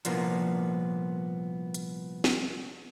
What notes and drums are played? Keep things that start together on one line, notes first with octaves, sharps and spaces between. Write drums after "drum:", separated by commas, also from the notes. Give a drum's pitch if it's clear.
C2 A#2 F3 A#3 B3, drum: hi-hat
drum: hi-hat
drum: snare